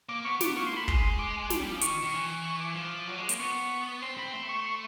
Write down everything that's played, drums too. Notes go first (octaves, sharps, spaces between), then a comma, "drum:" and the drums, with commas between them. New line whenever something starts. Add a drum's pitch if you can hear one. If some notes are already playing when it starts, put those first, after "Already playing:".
A#3 D6
B3 C#6
B3 D6, drum: snare
A#3 C#6
C6
A3 B5
G#3 C6, drum: kick
D6
G3, drum: snare
G3
F3
D#3 C#6, drum: hi-hat
D#3
E3
C#6
D6
F3
F#3
G#3
A#3, drum: hi-hat
B3 C#6
C4 C6
C4 B5
A3 C6
C#6
C#6